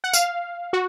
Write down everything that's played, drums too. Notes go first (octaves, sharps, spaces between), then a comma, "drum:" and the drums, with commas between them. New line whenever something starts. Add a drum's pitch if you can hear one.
F#5
F5, drum: tambourine
F#4